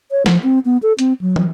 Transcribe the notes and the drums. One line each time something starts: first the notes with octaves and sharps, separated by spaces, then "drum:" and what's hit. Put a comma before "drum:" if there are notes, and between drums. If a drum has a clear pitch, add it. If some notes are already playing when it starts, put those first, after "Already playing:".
C#5
F3, drum: snare
C4
B3
A4
C4, drum: hi-hat
F#3
drum: tom